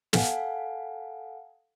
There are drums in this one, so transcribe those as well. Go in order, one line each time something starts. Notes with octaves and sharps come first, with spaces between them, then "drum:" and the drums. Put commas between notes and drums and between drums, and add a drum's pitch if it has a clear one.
A4 F5 F#5 G#5, drum: snare